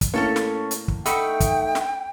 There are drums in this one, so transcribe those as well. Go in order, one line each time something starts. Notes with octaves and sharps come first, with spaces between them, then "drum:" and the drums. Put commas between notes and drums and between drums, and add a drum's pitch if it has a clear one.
drum: kick, hi-hat
A2 A#3 C#4 A4 C#5
drum: snare
drum: hi-hat
drum: kick
A3 D#4 F#5 G5 B5 E6, drum: hi-hat
drum: kick, hi-hat
drum: snare